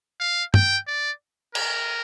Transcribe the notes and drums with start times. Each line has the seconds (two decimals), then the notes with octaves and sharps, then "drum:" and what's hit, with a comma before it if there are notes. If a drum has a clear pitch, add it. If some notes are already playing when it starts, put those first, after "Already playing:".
0.20 F5
0.54 G5, drum: tom G2
0.87 D5
1.55 A#4, drum: cymbal